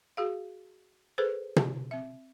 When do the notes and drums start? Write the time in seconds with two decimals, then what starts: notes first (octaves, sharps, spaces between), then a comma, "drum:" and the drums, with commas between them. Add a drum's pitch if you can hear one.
0.17 F#4 G#4 F5
1.18 G#4 A4 B4 C5
1.56 drum: tom
1.91 C4 E5